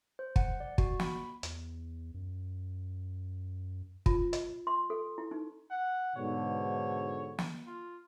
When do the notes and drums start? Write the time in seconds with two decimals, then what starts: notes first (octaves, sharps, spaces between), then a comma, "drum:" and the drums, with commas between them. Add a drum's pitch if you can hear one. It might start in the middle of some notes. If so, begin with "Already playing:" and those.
0.19 C5
0.36 F#5, drum: kick
0.60 D5
0.78 F#4, drum: kick
1.00 B5, drum: snare
1.43 E2, drum: hi-hat
2.14 F#2
4.06 F4, drum: kick
4.33 D#5, drum: hi-hat
4.67 C6
4.90 A4
5.18 E4
5.31 D#4
5.71 F#5
6.16 G#2 B2 D3 C#5
7.39 drum: snare
7.67 F4